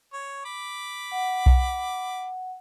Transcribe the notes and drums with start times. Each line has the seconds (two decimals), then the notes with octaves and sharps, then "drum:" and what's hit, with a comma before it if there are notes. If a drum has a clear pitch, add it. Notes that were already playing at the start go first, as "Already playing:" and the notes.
0.13 C#5
0.45 B5 D6
1.11 F#5
1.46 drum: kick B1